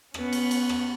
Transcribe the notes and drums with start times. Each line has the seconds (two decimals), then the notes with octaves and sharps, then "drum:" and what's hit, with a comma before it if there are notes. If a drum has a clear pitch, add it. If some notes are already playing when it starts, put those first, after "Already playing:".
0.14 B3 C#4, drum: rim click
0.33 drum: cymbal
0.51 drum: cymbal
0.69 drum: rim click